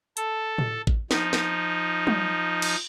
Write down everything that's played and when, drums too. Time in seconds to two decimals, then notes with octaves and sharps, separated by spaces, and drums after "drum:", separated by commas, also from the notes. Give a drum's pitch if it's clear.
0.17 A4, drum: hi-hat
0.58 drum: tom A2
0.87 drum: kick A1
1.11 F3 D#4, drum: snare
1.33 drum: snare
2.07 drum: tom F#3
2.62 drum: cymbal